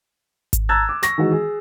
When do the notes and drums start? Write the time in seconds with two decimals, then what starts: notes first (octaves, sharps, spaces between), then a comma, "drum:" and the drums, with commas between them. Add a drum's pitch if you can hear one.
0.53 drum: kick G#1, hi-hat
0.69 A5 A#5 E6 F#6 G#6 A6
0.89 D6
1.03 C#6 A#6, drum: snare
1.18 D#3 E3 G#3 F#4
1.32 G#4